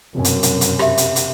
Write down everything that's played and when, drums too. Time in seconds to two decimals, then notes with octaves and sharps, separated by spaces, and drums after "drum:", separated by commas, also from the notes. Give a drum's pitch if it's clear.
0.15 F1 F#2 B2 G#5
0.24 drum: hi-hat
0.43 drum: hi-hat
0.61 drum: hi-hat
0.79 G4 E5, drum: rim click
0.98 drum: hi-hat
1.16 drum: hi-hat